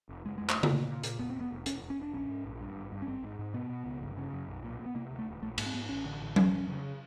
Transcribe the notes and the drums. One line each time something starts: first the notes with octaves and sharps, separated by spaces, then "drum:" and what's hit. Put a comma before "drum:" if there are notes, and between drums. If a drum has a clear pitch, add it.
F1
F#1 G#3
F2 G#3
A3, drum: clap
F#1
A3, drum: tom C#3
A#2 A#3
A#2
A#2, drum: hi-hat
F1 B3
F1 C4
B3
F1
E1 C#4, drum: hi-hat
E1
C#4
E1
D4
A#1 C#4
G#2
A#1
G2
G#1
G2
C#4
G#1 C4
G#2
G#2
B2 B3
B2
C#2
G1
C#3
F#2
B1
A#2
A#2
B3
C3 A#3
D2
A3
E1
A#1 A3
G#2 A#3, drum: cymbal
C4
G#2 B3
A1 C#4
D3
A1
F1 C#4, drum: tom F#3
F1
C#3